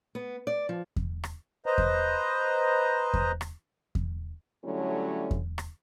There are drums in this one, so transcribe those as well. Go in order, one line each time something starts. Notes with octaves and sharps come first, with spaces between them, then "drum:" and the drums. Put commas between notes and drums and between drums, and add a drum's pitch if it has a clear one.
B3
D5
F3
drum: kick E2
drum: rim click
B4 C5 D#5 A#5
drum: kick E2
drum: kick E2
drum: rim click
drum: kick E2
D3 F#3 G3 A3 C#4 E4
drum: kick E2
drum: rim click